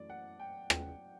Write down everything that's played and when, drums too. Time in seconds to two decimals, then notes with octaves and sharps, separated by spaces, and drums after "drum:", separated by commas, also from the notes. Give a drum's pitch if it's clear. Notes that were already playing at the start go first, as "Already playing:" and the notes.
Already playing: F#2 E3 A3 D5
0.10 F#5
0.40 G5
0.70 G5, drum: rim click